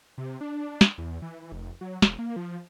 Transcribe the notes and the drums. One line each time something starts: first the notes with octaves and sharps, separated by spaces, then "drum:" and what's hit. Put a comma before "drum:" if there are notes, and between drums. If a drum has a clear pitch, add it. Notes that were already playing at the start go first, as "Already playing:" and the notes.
C3
D4
drum: snare
E2
E3
F1
F#3
E1, drum: snare
A#3
F3